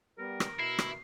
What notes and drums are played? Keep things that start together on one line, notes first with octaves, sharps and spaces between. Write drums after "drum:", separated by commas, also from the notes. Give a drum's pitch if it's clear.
G3 B3 A#4
drum: rim click
B2 E4 C7
drum: rim click